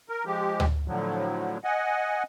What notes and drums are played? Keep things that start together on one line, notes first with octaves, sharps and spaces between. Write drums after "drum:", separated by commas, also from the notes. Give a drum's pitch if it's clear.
A#4
F3 G#3 G4
drum: tom D2
A2 D3 F3 F#3
D#5 F#5 G#5